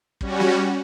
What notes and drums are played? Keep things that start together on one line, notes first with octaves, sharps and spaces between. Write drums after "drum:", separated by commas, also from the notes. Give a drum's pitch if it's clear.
G3 C#4 F#4, drum: kick
drum: snare